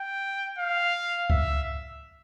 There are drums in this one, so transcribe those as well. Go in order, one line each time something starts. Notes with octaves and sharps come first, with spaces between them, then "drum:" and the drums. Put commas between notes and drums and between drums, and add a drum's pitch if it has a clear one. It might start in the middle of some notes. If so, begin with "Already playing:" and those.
Already playing: G5
F5
E5, drum: kick C#2